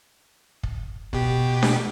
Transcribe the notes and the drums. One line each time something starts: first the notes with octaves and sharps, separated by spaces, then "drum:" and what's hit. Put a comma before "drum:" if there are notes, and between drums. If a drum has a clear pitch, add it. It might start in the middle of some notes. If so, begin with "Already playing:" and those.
drum: kick
B2 G4, drum: kick
drum: snare D4